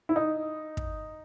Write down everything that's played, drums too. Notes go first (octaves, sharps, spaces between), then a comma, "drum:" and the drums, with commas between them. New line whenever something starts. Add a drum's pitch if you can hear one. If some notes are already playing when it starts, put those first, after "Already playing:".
E4
D#4
drum: kick